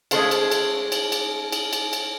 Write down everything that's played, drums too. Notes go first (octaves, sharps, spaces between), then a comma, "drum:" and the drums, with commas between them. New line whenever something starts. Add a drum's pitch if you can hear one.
G#3 A3 C#4 A4 C5 F5, drum: cymbal
drum: cymbal
drum: cymbal
drum: cymbal
drum: cymbal
drum: cymbal
drum: cymbal
drum: cymbal